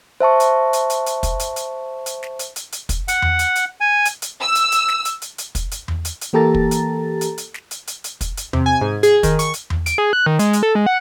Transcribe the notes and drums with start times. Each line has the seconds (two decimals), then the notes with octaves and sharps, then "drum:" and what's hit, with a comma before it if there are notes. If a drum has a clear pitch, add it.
0.20 C5 E5 A5 C#6
0.40 drum: hi-hat
0.73 drum: hi-hat
0.90 drum: hi-hat
1.06 drum: hi-hat
1.23 drum: kick, hi-hat
1.39 drum: hi-hat
1.56 drum: hi-hat
2.06 drum: hi-hat
2.23 drum: snare
2.39 drum: hi-hat
2.56 drum: hi-hat
2.72 drum: hi-hat
2.89 drum: kick, hi-hat
3.08 F#5, drum: hi-hat
3.22 drum: tom E2
3.39 drum: hi-hat
3.55 drum: hi-hat
3.80 G#5
4.05 drum: hi-hat
4.22 drum: hi-hat
4.42 E6
4.55 drum: hi-hat
4.72 drum: hi-hat
4.88 drum: snare
5.05 drum: hi-hat
5.22 drum: hi-hat
5.38 drum: hi-hat
5.55 drum: kick, hi-hat
5.71 drum: hi-hat
5.88 drum: tom E2
6.05 drum: hi-hat
6.21 drum: hi-hat
6.33 E3 A#3 G4 A4 A#5 A6
6.55 drum: kick
6.71 drum: hi-hat
7.21 drum: hi-hat
7.38 drum: hi-hat
7.54 drum: snare
7.71 drum: hi-hat
7.87 drum: hi-hat
8.04 drum: hi-hat
8.21 drum: kick, hi-hat
8.37 drum: hi-hat
8.53 C3, drum: tom E2
8.66 G#5
8.81 G#2
9.03 G#4, drum: hi-hat
9.23 D#3, drum: kick, hi-hat
9.39 C#6, drum: hi-hat
9.54 drum: hi-hat
9.70 drum: tom E2
9.86 D7, drum: hi-hat
9.98 G#4
10.13 F#6
10.26 D#3
10.39 G#3, drum: hi-hat
10.53 drum: hi-hat
10.63 A4
10.75 G#3
10.86 F#5